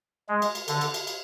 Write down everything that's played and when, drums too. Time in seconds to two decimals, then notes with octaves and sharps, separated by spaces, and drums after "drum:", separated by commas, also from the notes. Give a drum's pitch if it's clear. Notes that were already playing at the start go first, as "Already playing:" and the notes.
0.29 G#3
0.42 drum: cymbal
0.55 drum: cymbal
0.68 D3, drum: cymbal
0.81 drum: cymbal
0.94 drum: cymbal
1.07 drum: cymbal